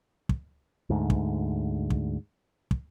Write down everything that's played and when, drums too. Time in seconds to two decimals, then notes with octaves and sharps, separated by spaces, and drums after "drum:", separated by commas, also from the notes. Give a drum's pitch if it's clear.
0.29 drum: kick
0.90 D2 G#2
1.10 drum: kick
1.90 drum: kick
2.71 drum: kick